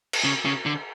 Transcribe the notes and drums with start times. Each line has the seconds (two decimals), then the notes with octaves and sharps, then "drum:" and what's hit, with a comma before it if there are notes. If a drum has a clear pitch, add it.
0.13 drum: cymbal
0.24 C#3
0.45 C#3
0.66 D3